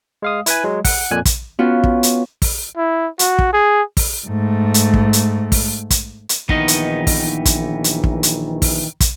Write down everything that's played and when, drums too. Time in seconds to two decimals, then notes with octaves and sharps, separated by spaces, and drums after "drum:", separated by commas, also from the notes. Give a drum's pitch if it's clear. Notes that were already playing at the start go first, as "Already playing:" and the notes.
0.22 G#3 F5 D#6
0.46 E4 B4 G#5, drum: hi-hat
0.64 F#3 G#3
0.85 F#5, drum: kick, open hi-hat
1.11 F2 A#2 G#5 F#6
1.25 drum: kick, hi-hat
1.59 B3 C#4 F4 F#4
1.84 drum: kick
2.03 drum: hi-hat
2.42 drum: kick, open hi-hat
2.77 E4
3.19 F#4, drum: hi-hat
3.39 drum: kick
3.53 G#4
3.97 drum: kick, open hi-hat
4.27 G#2 A3
4.74 drum: hi-hat
4.94 drum: kick
5.13 drum: hi-hat
5.52 drum: kick, open hi-hat
5.90 drum: kick, hi-hat
6.29 drum: hi-hat
6.49 A#1 D#3 E3 B3 D#4 D#5, drum: kick
6.68 drum: hi-hat
7.07 drum: kick, open hi-hat
7.45 drum: kick, hi-hat
7.84 drum: hi-hat
8.04 drum: kick
8.23 drum: hi-hat
8.62 drum: kick, open hi-hat
9.00 drum: kick, hi-hat